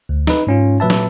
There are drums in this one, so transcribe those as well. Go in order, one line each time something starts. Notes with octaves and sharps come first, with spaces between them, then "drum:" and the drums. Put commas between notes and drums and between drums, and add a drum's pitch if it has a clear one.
D2
D#4 B4, drum: snare
G#2 C#4 F4
A#2 F#3 B4 E5 A5
drum: snare